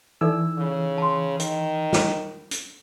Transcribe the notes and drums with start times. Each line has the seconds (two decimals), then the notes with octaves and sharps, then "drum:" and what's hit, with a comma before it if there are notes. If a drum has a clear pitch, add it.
0.21 E3 D#4 A4 D5 E6
0.58 C#3
0.98 A5 C6
1.40 D#3, drum: hi-hat
1.93 drum: snare
2.51 drum: hi-hat